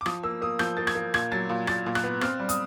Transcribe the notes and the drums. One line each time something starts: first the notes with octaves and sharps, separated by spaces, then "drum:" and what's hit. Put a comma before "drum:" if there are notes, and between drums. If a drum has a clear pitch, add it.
D6
F3 D#6, drum: rim click
A#3 E6
A#3 D#6
F3 G6, drum: rim click
A#3 A6
G#6, drum: rim click
A#3
A#2 G#6, drum: rim click
F#3 A6
A#2
A#2 A6, drum: rim click
A#2
F#6, drum: rim click
B3
C4 F6, drum: rim click
G3
D#6, drum: hi-hat